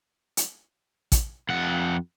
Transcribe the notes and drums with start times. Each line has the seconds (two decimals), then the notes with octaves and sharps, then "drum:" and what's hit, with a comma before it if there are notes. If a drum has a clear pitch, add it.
0.37 drum: hi-hat
1.12 drum: kick, hi-hat
1.49 F2 F#5